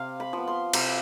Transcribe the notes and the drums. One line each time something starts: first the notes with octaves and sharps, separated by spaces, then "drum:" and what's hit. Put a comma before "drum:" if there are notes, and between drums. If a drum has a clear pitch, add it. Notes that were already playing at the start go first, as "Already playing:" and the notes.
Already playing: C3 F5
B5
F3 B3
C6
C3 B5, drum: cymbal